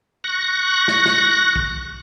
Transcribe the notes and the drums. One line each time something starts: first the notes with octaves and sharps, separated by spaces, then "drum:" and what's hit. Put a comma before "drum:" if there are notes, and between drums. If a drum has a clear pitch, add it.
C#6 F#6 A#6
drum: snare
drum: snare
drum: kick